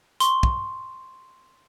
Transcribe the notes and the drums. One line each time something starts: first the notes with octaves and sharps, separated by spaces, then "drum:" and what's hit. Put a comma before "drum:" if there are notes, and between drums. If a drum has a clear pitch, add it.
C6 C#6, drum: hi-hat
drum: kick